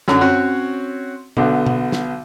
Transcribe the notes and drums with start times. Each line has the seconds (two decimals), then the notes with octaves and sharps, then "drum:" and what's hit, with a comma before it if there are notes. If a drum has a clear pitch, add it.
0.08 F#2 D3 F#3, drum: snare
0.21 C4 C#4 F#4 C#5
1.37 B1 D3 B3, drum: tom
1.67 drum: tom
1.92 drum: snare